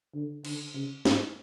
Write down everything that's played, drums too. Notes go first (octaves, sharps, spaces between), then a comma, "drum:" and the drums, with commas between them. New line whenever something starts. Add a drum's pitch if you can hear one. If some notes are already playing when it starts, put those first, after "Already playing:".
D3
D3, drum: cymbal
C#3
G#2, drum: snare